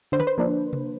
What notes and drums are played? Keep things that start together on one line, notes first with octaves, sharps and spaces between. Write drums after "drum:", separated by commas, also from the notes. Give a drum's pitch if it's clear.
D3 C5
B4, drum: tom D3
C5
F3 A#3 D4
drum: tom C3